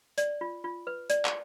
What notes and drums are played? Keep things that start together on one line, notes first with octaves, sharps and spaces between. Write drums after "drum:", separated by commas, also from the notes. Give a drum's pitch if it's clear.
D5, drum: hi-hat
F4
F4
B4
D5, drum: hi-hat
drum: clap